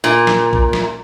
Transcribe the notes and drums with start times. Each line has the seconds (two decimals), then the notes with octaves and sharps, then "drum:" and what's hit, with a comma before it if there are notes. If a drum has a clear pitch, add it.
0.04 A#2
0.27 drum: snare
0.53 drum: kick
0.73 drum: snare